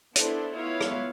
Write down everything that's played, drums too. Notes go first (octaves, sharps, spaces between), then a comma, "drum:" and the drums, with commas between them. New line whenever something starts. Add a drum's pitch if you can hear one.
B3 D4 E4 A4 C5, drum: hi-hat
B3 E4 F4 C#5 F5
drum: rim click